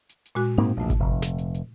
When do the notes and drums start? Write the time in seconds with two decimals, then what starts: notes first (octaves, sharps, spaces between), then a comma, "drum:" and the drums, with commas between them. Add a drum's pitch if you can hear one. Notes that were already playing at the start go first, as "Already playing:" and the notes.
0.09 drum: hi-hat
0.25 drum: hi-hat
0.35 A#2 G#3 F#4
0.58 G#2 A#3 C4 D#4
0.77 A#1 E2 C3 A3
0.90 drum: kick G#1, hi-hat
1.00 F1
1.22 drum: snare
1.38 drum: hi-hat
1.54 drum: hi-hat